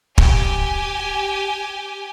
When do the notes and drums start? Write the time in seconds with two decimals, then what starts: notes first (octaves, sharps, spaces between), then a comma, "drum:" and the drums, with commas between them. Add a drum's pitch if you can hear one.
0.18 G4 G#5, drum: kick